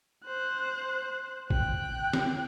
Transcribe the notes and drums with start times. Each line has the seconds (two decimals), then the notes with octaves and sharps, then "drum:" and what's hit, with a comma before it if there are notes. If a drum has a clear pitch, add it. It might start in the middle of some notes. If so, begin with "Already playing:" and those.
0.25 C5 F#6
1.50 G5 F#6, drum: kick
2.13 drum: snare